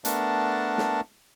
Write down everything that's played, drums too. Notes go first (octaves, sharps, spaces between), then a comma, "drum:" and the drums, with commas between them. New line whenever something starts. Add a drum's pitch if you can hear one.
A3 B3 D4 A#4 F#5 A5, drum: hi-hat
drum: snare